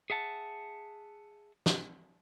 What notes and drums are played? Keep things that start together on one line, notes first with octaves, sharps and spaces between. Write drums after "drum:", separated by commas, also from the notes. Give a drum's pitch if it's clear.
G#4 E5 F#5 A5
drum: snare